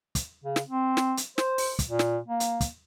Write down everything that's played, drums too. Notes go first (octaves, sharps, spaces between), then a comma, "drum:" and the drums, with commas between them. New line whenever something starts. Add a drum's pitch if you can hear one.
drum: kick, hi-hat
C#3
drum: snare
C4
drum: snare
drum: hi-hat
C5, drum: snare
drum: open hi-hat
drum: kick, hi-hat
A#2
drum: snare
A#3
drum: hi-hat
drum: kick, hi-hat